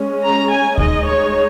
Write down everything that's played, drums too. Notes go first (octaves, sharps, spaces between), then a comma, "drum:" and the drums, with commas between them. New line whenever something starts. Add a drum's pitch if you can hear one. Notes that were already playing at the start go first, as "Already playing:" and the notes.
Already playing: G#3 C#4
A#5
G#5
G#3 D#4 D#5, drum: kick D2
C#5